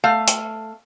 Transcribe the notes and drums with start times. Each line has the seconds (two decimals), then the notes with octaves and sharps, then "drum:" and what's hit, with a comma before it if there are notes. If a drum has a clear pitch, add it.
0.04 A3 F5
0.28 drum: hi-hat